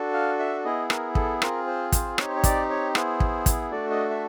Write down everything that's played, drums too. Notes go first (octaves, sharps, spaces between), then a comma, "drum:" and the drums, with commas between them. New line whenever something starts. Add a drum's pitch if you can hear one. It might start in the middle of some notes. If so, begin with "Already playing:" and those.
Already playing: D4 F#4 A4
F5
E5
B3 E4 G#4 D#5
A#4, drum: rim click
A4, drum: kick
C4 F4 G#4 A#4, drum: rim click
C5
C5, drum: kick, hi-hat
C4 D#4 G4 C#5, drum: rim click
C5
C#5
D5, drum: kick, hi-hat
C#5
B3 E4 G#4 C5, drum: rim click
drum: kick
drum: kick, hi-hat
A3 D4 F#4 A4 D5
D#5
E5